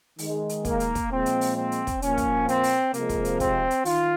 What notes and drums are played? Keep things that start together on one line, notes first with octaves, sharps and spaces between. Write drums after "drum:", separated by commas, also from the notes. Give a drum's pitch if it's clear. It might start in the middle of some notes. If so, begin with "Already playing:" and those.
D#3 G#3, drum: open hi-hat
drum: hi-hat
A#3, drum: kick, hi-hat
drum: hi-hat
drum: kick, hi-hat
A#2 F3 G#3 C4
drum: hi-hat
drum: open hi-hat
C4
drum: hi-hat
drum: kick, hi-hat
A#2 F3 A#3 C#4, drum: hi-hat
drum: kick, hi-hat
C4, drum: hi-hat
drum: open hi-hat
C3 F3 G#3 A#3, drum: hi-hat
drum: kick, hi-hat
drum: hi-hat
C4, drum: kick, hi-hat
drum: hi-hat
D#3 F4, drum: open hi-hat